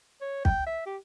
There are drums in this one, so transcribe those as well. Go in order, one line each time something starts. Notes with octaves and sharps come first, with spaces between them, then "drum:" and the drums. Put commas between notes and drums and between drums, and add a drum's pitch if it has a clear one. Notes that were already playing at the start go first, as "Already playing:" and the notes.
C#5
G5, drum: kick
E5
G4